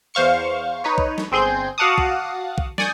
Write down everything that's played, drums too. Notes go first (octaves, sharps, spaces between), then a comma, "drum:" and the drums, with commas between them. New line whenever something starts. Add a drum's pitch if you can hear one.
E2 C5 F5 C#6 C#7
D#4 B4 C#5
drum: kick B1
drum: snare
G1 C4 G#4 C6 G6
F#4 F5 F#5 A5 D6 D#6
drum: kick B1
drum: kick B1
D5 G#5 C#6 D#6 G6, drum: snare